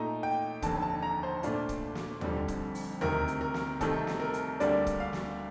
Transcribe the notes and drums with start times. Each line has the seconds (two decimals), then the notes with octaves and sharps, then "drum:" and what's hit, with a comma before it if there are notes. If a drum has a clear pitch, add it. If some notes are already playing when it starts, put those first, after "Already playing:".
Already playing: A#2 A3 D#4 A#5
0.23 G5
0.62 F1 D#2 D3 A5, drum: kick, hi-hat
0.82 A5
1.03 A#5
1.23 C5
1.43 A#2 A3 D4 F4, drum: hi-hat
1.69 drum: kick, hi-hat
1.95 drum: snare
2.21 F1 F2 D3 G3, drum: tom D#2
2.48 drum: kick, hi-hat
2.75 drum: open hi-hat
3.01 D2 C3 D#3 A#4, drum: tom D#2
3.28 drum: hi-hat
3.41 A#4
3.54 drum: snare
3.81 C2 C3 D#3 A3 A4, drum: kick, hi-hat
4.07 drum: snare
4.20 A#4
4.34 drum: hi-hat
4.60 D2 D3 G3 A#3 D4 D5, drum: hi-hat
4.87 drum: kick, hi-hat
5.00 F5
5.13 drum: snare